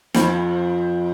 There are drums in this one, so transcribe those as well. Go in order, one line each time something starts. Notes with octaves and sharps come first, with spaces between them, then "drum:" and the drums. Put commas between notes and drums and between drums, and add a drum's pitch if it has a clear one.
F2, drum: snare